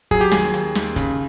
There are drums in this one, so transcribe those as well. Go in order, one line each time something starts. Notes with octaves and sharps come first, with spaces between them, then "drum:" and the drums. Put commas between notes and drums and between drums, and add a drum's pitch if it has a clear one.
F#3 G#4, drum: kick
G4
D#2 G#4, drum: snare
D#2, drum: hi-hat
D#2, drum: snare
C#3, drum: kick, hi-hat